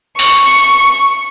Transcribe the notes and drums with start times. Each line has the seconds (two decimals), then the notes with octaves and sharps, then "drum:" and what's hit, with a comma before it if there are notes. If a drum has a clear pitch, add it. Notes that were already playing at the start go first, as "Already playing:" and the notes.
0.19 C#6, drum: open hi-hat